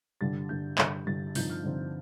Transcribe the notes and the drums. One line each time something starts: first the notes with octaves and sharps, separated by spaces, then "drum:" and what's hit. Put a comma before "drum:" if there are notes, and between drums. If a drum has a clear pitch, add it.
G2 D3 G3 A6
G2 D3 G3 G6
G2 D3 G3, drum: clap
G2 D3 G3 A6
G2 D3 F3 C4 D#4 G6, drum: open hi-hat
F6
G2 D3 F3 C4 D#4